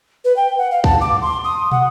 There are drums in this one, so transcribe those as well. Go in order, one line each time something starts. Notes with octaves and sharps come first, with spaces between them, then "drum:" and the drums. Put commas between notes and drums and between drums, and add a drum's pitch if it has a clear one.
B4
G5
F#5
F5
A5, drum: kick
D6
C6
D#6
F#5, drum: tom